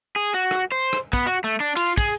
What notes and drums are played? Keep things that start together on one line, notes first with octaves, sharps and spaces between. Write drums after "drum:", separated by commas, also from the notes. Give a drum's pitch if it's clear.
G#4
F#4
drum: rim click
C5
drum: rim click
B3, drum: kick
F#4
A3
D4
F4, drum: cymbal
G#4, drum: kick